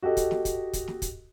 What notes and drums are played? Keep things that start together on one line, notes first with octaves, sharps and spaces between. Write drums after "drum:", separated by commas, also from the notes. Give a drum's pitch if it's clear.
F#4 G4 A4 D#5
drum: kick, hi-hat
drum: snare
drum: kick, hi-hat
drum: kick, hi-hat
drum: snare
drum: kick, hi-hat